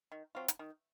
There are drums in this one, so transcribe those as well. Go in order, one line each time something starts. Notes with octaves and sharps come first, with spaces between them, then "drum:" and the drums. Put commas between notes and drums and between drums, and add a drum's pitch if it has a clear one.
D#3
F#3 C4 F4
drum: hi-hat
D#3